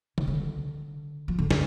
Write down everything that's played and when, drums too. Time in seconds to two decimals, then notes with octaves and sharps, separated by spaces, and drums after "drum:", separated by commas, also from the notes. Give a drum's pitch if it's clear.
0.18 C#3, drum: tom D3
0.28 D3
1.28 F3
1.39 D3
1.51 D3, drum: snare